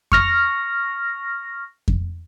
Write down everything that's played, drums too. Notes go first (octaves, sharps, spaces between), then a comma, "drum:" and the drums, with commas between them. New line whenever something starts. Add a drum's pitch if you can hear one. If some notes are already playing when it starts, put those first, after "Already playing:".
C#6 F6 A#6, drum: kick F2
drum: kick F2